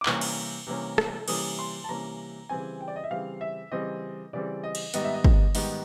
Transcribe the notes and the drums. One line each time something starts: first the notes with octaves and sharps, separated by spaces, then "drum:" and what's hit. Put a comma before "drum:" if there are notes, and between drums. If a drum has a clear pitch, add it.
D6
C3 E3 G3 A#3 C#4 C#6, drum: clap
drum: cymbal
C3 E3 G3 A#3 C#4
drum: rim click
C3 E3 G3 A#3 C#4 D#6, drum: cymbal
C6
A5
C3 E3 G3 A#3 C#4 A#5
C#3 E3 G3 C4 G#5
G5
D5
D#5
E5
C#3 E3 G3 C4 F5
E5
C#3 E3 G3 C4 D#5
C#3 E3 G3 C4 D5
D#5
drum: cymbal
G#2 D#3 G3 B3 D#5, drum: hi-hat
E5
D#5
drum: kick
G#2 D#3 G3 B3, drum: open hi-hat